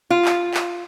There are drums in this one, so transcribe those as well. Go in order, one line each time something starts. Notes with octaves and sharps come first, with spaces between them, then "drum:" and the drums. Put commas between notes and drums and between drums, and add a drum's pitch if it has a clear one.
F4
drum: clap
drum: clap